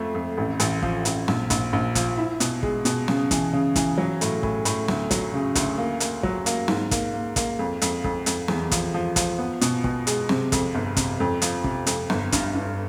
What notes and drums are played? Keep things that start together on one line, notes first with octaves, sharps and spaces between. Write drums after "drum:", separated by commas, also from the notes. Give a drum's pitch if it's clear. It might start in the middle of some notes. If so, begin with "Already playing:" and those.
Already playing: F2 F3 A3
F2
A1
A1, drum: hi-hat
F3, drum: kick
A1, drum: hi-hat
A#1, drum: snare
A#1, drum: kick, hi-hat
A#1
F3, drum: kick, hi-hat
E4
B2, drum: hi-hat
G#3, drum: kick
B2, drum: hi-hat
C#3, drum: snare
E3, drum: kick, hi-hat
C#3
E3, drum: kick, hi-hat
F#3
A2, drum: hi-hat
A2, drum: kick
A2, drum: hi-hat
D2, drum: snare
F#3, drum: kick, hi-hat
C#3
D2, drum: kick, hi-hat
A#3
A#3, drum: hi-hat
F#3, drum: kick
A#3, drum: hi-hat
G#2, drum: snare
A#3, drum: kick, hi-hat
A#3
A#3, drum: kick, hi-hat
F2
F2, drum: hi-hat
F2, drum: kick
F2, drum: hi-hat
E2, drum: snare
F3, drum: kick, hi-hat
F3
F3, drum: kick, hi-hat
B3
B2, drum: hi-hat
B2, drum: kick
G#3, drum: hi-hat
C3, drum: snare
F2, drum: kick, hi-hat
G1
C3, drum: kick, hi-hat
F2
F3, drum: hi-hat
C3, drum: kick
F2, drum: hi-hat
G1, drum: snare
G2, drum: kick, hi-hat
G2